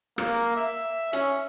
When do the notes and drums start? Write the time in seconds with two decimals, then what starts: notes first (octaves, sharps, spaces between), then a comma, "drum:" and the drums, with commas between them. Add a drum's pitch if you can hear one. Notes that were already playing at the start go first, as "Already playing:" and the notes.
0.18 A#3, drum: rim click
0.57 E5
1.13 C#4, drum: hi-hat